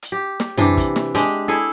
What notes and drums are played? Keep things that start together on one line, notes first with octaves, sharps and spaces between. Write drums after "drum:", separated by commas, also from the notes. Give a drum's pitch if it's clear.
drum: hi-hat
G4
drum: snare
C3 E3 D4, drum: tom
drum: kick, hi-hat
drum: snare
G#3 D4 G4, drum: hi-hat
E4 G#4 A4